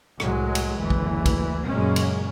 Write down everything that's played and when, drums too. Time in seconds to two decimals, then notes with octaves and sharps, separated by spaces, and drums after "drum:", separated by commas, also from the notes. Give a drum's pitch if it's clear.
0.20 C2 A2 F#3 G#3, drum: rim click
0.55 drum: cymbal
0.79 F#1 D2 E3
0.90 drum: kick A#1
1.26 drum: kick A#1, cymbal
1.67 F#2 A#2 C#3 G#3 A#3 C#4
1.96 drum: cymbal